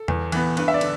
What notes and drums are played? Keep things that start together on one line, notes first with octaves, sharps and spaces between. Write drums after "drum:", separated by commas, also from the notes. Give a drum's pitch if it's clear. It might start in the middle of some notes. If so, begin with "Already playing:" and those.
Already playing: A4
E2, drum: tom E2
E3 B3, drum: cymbal
G2 B4, drum: cymbal
E5
D5
D3, drum: cymbal